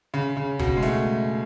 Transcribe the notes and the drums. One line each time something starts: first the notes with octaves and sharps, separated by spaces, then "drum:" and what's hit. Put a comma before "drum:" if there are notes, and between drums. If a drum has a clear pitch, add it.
C#3
C#3
B2, drum: kick
G#3
A3, drum: snare